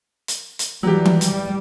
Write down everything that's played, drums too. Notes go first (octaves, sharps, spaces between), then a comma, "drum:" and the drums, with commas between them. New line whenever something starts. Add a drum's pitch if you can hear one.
drum: hi-hat
drum: hi-hat
E3 F#3 G3 G4
drum: tom E3
G3, drum: hi-hat